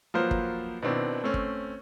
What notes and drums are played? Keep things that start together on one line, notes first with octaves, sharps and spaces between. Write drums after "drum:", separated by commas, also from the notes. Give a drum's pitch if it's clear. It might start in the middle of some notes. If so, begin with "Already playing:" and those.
F3 F#3 A#3 B4 C5
drum: kick
B2 D#3 C4 D4 E4
A3 C4 C#4
drum: kick